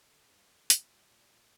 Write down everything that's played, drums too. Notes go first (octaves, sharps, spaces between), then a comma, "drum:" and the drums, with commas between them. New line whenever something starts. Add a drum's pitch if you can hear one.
D3
G2
D3
A#2 E5, drum: hi-hat
G3
A#2
A#2